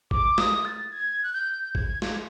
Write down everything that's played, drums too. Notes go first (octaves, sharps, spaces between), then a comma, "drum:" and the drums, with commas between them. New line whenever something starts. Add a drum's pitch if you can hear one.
D6, drum: kick
D#6, drum: snare
A6
G#6
F#6
G6
G#6, drum: kick
drum: snare